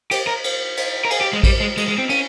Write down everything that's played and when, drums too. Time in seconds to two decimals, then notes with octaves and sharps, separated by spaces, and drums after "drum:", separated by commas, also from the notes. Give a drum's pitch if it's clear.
0.11 G4, drum: cymbal
0.27 A#4
0.44 drum: cymbal
0.77 drum: cymbal
1.05 A#4
1.10 G#4, drum: cymbal
1.21 G4
1.33 G#3
1.44 G3, drum: kick A1, cymbal
1.60 G#3
1.77 G#3, drum: cymbal
1.88 G#3
1.98 C4
2.09 C#4, drum: cymbal